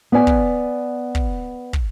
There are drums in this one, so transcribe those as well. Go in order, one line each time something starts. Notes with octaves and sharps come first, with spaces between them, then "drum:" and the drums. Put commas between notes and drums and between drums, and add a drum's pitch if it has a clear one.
B3 B4 D5 G#5
drum: kick
drum: kick
drum: kick